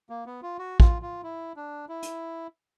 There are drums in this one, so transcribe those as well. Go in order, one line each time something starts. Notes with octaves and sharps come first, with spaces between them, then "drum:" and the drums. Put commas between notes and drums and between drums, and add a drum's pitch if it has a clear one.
A#3
B3
F4
F#4
F4, drum: kick
F4
E4
D4
E4
drum: hi-hat